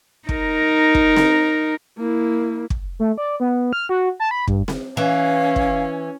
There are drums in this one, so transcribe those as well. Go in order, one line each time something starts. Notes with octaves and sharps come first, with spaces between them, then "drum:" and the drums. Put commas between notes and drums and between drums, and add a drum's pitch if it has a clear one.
D#4 A#4, drum: kick
drum: kick
drum: snare C4
A#3 E4
drum: kick
A3
D5
B3
F6
F#4
A5
B5
G2, drum: kick
drum: snare C4
E3 C#4 F5
drum: kick